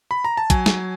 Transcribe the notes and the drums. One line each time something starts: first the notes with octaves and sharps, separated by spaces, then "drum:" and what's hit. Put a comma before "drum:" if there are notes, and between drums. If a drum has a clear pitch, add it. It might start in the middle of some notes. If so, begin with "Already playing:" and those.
B5
A#5
A5
F#3 G#5, drum: kick, hi-hat
drum: snare